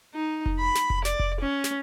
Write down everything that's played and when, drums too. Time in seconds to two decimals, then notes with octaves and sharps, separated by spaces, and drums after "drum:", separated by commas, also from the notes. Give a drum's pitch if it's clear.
0.14 D#4
0.46 drum: kick F1
0.60 B5
0.75 drum: snare
0.90 drum: kick F1
1.05 D5, drum: snare
1.20 drum: kick F1
1.41 C#4
1.64 drum: snare